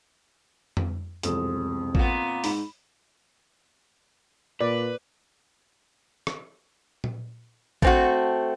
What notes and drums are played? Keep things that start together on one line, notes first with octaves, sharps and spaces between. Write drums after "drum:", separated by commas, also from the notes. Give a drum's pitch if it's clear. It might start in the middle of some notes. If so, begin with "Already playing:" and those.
drum: tom F2
E1 C2 F2 C4 D#6, drum: hi-hat
A#2 B3, drum: kick A1
G#2 B5, drum: open hi-hat
A#2 B4 D5
drum: rim click
drum: tom A#2
A3 C4 F#4, drum: kick A1